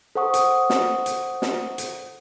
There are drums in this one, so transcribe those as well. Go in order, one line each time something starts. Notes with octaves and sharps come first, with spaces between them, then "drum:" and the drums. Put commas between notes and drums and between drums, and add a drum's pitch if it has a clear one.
A4 C5 F#5 C#6 D#6
drum: hi-hat
drum: snare
drum: hi-hat
drum: snare
drum: hi-hat